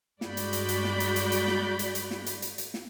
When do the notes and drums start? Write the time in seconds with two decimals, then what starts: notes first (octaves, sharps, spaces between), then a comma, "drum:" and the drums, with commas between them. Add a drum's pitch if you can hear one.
0.21 G2 G#3 F#4 D5 B5 G6, drum: snare
0.37 drum: hi-hat
0.53 drum: hi-hat
0.69 drum: hi-hat
0.84 drum: snare
1.00 drum: hi-hat
1.16 drum: hi-hat
1.32 drum: hi-hat
1.48 drum: snare
1.79 drum: hi-hat
1.95 drum: hi-hat
2.11 drum: snare
2.26 drum: hi-hat
2.42 drum: hi-hat
2.58 drum: hi-hat
2.74 drum: snare